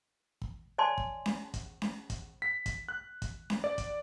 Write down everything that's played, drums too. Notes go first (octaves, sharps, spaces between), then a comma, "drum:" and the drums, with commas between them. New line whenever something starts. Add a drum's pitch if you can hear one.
drum: kick
C#5 D5 G#5 A5 C6
drum: kick
drum: snare C#4
drum: kick, hi-hat
drum: snare C#4
drum: kick, hi-hat
B6
drum: kick, hi-hat
F#6
drum: kick, hi-hat
drum: snare C#4
D5
drum: kick, hi-hat